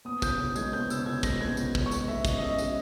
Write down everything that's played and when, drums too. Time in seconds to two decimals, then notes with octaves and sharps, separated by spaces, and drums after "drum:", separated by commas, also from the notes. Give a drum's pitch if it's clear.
0.05 B3 D#6
0.22 C#3 G6, drum: kick, tambourine
0.39 C#3
0.56 G#3 G#6, drum: tambourine
0.72 B3 G6
0.90 C#3 E6, drum: tambourine
1.06 C#3 G#6
1.23 G#3 A#6, drum: kick, tambourine
1.41 B3 G#6
1.57 C#3, drum: tambourine
1.75 C#3, drum: kick
1.86 C#6
1.91 G#3, drum: tambourine
2.08 B3 E5
2.25 C#3 D#5, drum: kick, tambourine
2.38 D#5
2.42 C#3 E5
2.58 G#3 D#5, drum: tambourine